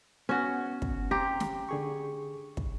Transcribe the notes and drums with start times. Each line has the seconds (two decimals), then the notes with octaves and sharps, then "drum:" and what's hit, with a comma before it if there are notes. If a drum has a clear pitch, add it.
0.29 B3 C#4 F#4 F#5
0.82 drum: kick
1.11 C4 G4 A#5 C6
1.40 drum: snare
1.69 D3 G#4 C#6
2.57 drum: kick